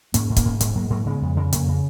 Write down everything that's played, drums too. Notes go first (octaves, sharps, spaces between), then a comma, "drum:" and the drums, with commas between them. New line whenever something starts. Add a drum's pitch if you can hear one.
G#2 A#3 C#4, drum: hi-hat
G#2
A#3 C#4, drum: kick, hi-hat
G#2
G#2 G#3 B3, drum: hi-hat
G#2 F#3 A#3
G#2 F#3 A#3
C#3 G#3 B3
F2
C#3
F2 A#3 C#4, drum: hi-hat
C#3